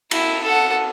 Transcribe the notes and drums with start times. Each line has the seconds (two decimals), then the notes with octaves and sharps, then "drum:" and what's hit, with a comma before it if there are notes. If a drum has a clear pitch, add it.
0.11 E4, drum: cymbal
0.43 A4 F#5